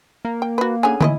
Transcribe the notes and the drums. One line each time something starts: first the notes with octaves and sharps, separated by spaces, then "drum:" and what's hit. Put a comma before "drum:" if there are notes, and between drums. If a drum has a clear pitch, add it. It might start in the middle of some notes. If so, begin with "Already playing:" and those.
A#3
G5
F#4 B4
D3 C#4 G#4 G#5
E4 B4 D#5, drum: tom